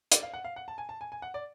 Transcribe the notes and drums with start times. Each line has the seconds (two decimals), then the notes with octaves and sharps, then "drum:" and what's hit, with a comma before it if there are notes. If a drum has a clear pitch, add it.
0.12 D5, drum: hi-hat
0.23 F5
0.34 F#5
0.44 F5
0.56 F#5
0.68 A5
0.78 G#5
0.89 A5
1.01 G#5
1.12 G#5
1.22 F#5
1.34 D5